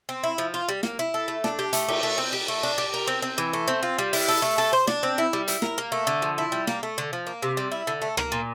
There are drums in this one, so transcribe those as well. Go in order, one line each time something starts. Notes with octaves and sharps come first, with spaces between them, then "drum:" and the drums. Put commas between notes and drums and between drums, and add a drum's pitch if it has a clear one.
C4
E4
F3
F4
G3
A#3, drum: snare
E4
A4
A3
D4, drum: snare
G4
A3, drum: hi-hat
G4, drum: cymbal
A3
C4
G4
A3
D4
G4
A#4
C4
C4
E3
A3
C4
F4
G3
E4, drum: open hi-hat
A4
A3
A4
C5
D4, drum: snare
C4
E4
G3
E4, drum: hi-hat
A#4, drum: snare
A#3
A3
D3
F3
E4
G3
A#3, drum: snare
A3
D3
F3
A#3
C3
G3
E4
D3
A3
A#3, drum: rim click
A#2